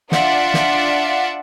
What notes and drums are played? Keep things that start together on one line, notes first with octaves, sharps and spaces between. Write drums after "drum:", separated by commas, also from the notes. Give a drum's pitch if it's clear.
D4 F4 D5 E5 F#5, drum: snare
drum: snare